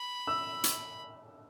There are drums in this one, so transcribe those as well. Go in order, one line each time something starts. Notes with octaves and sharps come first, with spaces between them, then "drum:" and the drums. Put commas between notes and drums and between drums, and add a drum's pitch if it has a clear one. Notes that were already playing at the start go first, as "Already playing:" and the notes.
Already playing: B5
E6
drum: hi-hat